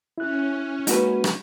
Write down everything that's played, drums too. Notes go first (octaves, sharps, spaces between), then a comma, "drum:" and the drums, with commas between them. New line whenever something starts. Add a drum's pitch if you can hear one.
C#4 E4 F#6
G#3 A#3 D#4 F#4 B4, drum: hi-hat
drum: rim click